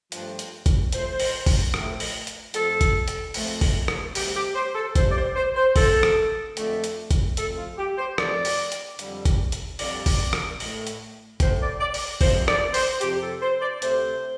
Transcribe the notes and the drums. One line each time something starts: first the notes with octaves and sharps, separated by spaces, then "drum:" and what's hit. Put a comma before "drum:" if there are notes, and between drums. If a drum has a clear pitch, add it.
G2 F3 A3, drum: hi-hat
drum: hi-hat
drum: kick, hi-hat
A2 F3 A3 C5, drum: hi-hat
drum: open hi-hat
drum: kick, open hi-hat
A2 F3 A3, drum: rim click
drum: open hi-hat
drum: hi-hat
F2 F3 A3 A4, drum: hi-hat
drum: kick, hi-hat
drum: hi-hat
F2 F3 A3, drum: open hi-hat
drum: kick, open hi-hat
drum: rim click
D2 C3 G3 G4, drum: open hi-hat
G4
C5
A4
D2 C3 G3 C5, drum: kick, hi-hat
D5
C5
C5
C5
F2 D3 A3 A4, drum: kick, open hi-hat
drum: rim click
F2 D3 A3, drum: hi-hat
drum: hi-hat
drum: kick, hi-hat
F2 F3 A3 A4, drum: hi-hat
F4
G4
C5
F2 F3 A3 D5, drum: rim click
drum: open hi-hat
drum: hi-hat
F2 D3 G3, drum: hi-hat
drum: kick, hi-hat
drum: hi-hat
F2 D3 G3 D5, drum: open hi-hat
drum: kick, open hi-hat
drum: rim click
A2 A3, drum: open hi-hat
drum: hi-hat
A2 A3 C5, drum: kick, hi-hat
D5
D5
drum: open hi-hat
F2 C3 F3 C5, drum: kick, open hi-hat
D5, drum: rim click
C5, drum: open hi-hat
F2 C3 F3 G4, drum: hi-hat
A4
C5
D5
D2 C3 A3 C5, drum: hi-hat